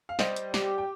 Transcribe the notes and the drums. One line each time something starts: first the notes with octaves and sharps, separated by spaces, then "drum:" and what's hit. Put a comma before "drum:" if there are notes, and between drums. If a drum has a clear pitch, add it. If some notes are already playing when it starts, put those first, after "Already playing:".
F5
G3 C5 D#5, drum: snare
drum: hi-hat
G4, drum: snare
G5